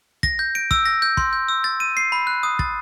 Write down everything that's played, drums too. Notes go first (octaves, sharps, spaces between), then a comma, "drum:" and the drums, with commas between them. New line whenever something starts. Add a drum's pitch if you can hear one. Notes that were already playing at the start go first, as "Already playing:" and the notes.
A#6, drum: kick
G6
D7
E6, drum: kick
A#6
G6
C6, drum: kick
G6
E6
A6
D#7
C7
B5
F#6
D#6
A6, drum: kick